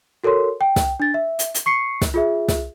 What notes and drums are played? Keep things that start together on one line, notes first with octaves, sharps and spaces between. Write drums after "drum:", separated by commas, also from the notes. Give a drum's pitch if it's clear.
F#4 A4 A#4 C#5 C6
G5
drum: snare
D4 A6
E5
drum: hi-hat
drum: hi-hat
C#6 C7 C#7
drum: snare
F4 G#4 E5
drum: snare